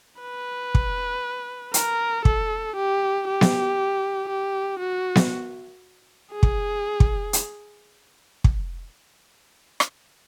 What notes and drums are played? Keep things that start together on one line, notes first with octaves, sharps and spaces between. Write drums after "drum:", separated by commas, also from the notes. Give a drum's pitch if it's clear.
B4
drum: kick
A#4, drum: hi-hat
A4, drum: kick
G4
G4
drum: snare B3
G4
F#4
drum: snare B3
G#4
drum: kick
drum: kick
drum: hi-hat
drum: kick
drum: rim click